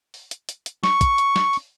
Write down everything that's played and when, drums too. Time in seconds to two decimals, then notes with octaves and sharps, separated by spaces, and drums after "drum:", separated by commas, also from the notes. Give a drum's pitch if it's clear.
0.14 drum: open hi-hat
0.31 drum: hi-hat
0.49 drum: hi-hat
0.66 drum: hi-hat
0.83 C#6, drum: snare
1.01 drum: kick, hi-hat
1.18 drum: hi-hat
1.36 drum: snare
1.53 drum: open hi-hat